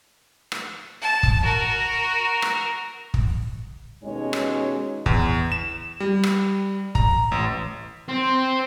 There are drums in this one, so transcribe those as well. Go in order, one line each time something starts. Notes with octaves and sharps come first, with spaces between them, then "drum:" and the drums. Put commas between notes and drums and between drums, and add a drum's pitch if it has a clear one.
drum: rim click
A5
drum: kick
F#4 A#4
drum: rim click
drum: kick
D#2 B2 G#3 C#4 D#4 C#5
drum: rim click
E2, drum: kick
E7
G3
drum: rim click
A#5, drum: kick
A1
C4